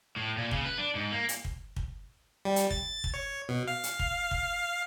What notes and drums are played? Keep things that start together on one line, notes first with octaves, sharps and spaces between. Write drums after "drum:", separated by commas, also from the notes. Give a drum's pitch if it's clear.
A2
A#2
C#3, drum: kick
B4
D4
G#2
A#3
drum: hi-hat
drum: kick
drum: kick
G3
drum: hi-hat
A6, drum: kick
drum: kick
C#5
B2
F5
drum: hi-hat
drum: kick
drum: kick